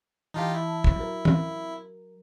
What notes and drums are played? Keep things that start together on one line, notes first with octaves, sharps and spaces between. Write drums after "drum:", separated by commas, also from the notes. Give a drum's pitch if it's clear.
E3 D#4 F4 G4 A5
E4
drum: kick
F#3 A#4
drum: tom